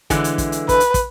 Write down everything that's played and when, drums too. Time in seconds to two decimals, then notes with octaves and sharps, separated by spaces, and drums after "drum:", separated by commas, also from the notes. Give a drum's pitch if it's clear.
0.10 D3 E3 G#3, drum: kick, hi-hat
0.24 drum: hi-hat
0.38 drum: kick, hi-hat
0.52 drum: hi-hat
0.69 B4, drum: kick, hi-hat
0.80 drum: hi-hat
0.94 drum: kick, hi-hat